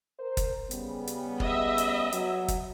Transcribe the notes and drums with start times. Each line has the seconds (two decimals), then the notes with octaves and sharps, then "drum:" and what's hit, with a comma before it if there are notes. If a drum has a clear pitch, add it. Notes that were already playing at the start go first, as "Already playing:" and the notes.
0.19 A#4 C5
0.37 drum: kick, hi-hat
0.71 C#3 G3 B3, drum: hi-hat
1.07 drum: hi-hat
1.40 D#5 E5, drum: kick
1.78 drum: hi-hat
2.12 F#3, drum: hi-hat
2.48 drum: kick, hi-hat